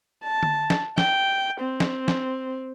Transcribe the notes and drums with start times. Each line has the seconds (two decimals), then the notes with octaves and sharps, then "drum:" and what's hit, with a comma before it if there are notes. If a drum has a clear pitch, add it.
0.24 A5
0.43 drum: tom D3
0.70 drum: snare
0.98 G5, drum: snare
1.61 C4
1.80 drum: snare
2.08 drum: snare